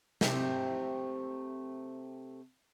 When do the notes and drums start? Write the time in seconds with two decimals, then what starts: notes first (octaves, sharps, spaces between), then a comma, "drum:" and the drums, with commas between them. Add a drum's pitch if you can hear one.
0.21 C3 F3 A3 C4, drum: snare